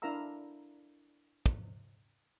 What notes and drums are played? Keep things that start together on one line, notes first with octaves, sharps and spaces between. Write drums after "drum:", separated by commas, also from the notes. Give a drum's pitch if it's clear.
D4 E4 A#4 F5 A#5 E6
drum: kick